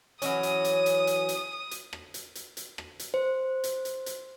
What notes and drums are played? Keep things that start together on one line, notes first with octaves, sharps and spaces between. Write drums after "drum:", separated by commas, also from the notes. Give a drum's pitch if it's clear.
E3 F#3 C#4 D#6, drum: hi-hat
drum: hi-hat
drum: hi-hat
drum: hi-hat
drum: hi-hat
drum: hi-hat
drum: hi-hat
drum: rim click
drum: hi-hat
drum: hi-hat
drum: hi-hat
drum: rim click
drum: hi-hat
C5
drum: hi-hat
drum: hi-hat
drum: hi-hat